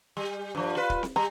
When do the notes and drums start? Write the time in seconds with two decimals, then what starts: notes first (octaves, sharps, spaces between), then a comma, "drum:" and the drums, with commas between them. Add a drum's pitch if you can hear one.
0.17 G3
0.55 G2 F3
0.76 F4 B4
0.90 drum: kick
1.03 drum: snare C4
1.16 G3 A#5